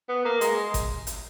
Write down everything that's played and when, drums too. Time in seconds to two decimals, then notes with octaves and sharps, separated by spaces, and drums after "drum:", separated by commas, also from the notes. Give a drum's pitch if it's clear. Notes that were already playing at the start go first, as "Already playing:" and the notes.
0.09 B3
0.25 A#3
0.41 G#3, drum: hi-hat
0.74 drum: kick G#1, hi-hat
1.07 drum: hi-hat